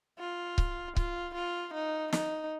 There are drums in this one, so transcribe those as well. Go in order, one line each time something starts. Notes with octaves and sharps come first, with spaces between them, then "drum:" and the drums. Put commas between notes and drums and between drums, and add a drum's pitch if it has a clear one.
F4
drum: kick C#1
F4, drum: kick C#1
F4
D#4
D#4, drum: snare